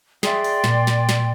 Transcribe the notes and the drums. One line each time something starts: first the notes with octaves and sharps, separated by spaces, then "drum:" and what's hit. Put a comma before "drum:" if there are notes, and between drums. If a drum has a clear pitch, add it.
G#4 D5 E5 G5 C6, drum: snare
drum: open hi-hat
A#2, drum: snare
drum: snare
drum: snare